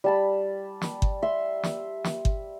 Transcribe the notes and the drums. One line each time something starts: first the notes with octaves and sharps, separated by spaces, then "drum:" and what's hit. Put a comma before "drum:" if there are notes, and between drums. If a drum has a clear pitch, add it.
G3 A5 B5
drum: snare
drum: kick G1
E5 C6
drum: snare
drum: snare
drum: kick G1